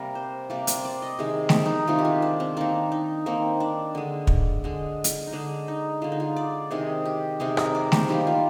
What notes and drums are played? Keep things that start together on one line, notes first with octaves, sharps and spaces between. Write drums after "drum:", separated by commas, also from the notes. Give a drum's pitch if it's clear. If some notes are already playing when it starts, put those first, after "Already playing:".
Already playing: C3 G3 A#3 A#4
C5
C3 G3 A#3 D5
C5, drum: hi-hat
D5
D#5
C3 D#3 G#3 G#4
drum: snare A3
D#4
C3 D#3 G#3 F4
G4
F4
D4
C4
D#3 A#3 D4
D#4
D#3 A#3 C4
D4
D3 G#3
drum: kick
D3 G#3
drum: hi-hat
D#4
D3 G#3 D4
D#4
D3 G#3 F4
D#4
F4
D5
C3 D#3 G#3 G#4
G4
C3 D#3 G#3 G#4
A#4, drum: rim click
D5
C5, drum: snare A3
D#3 G3 A#3 G4
F4